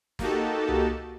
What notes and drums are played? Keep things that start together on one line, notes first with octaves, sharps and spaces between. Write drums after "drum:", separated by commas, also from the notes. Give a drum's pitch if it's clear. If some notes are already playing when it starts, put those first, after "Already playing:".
A#3 D#4 F#4 G4 A4 A5, drum: snare
drum: tom C2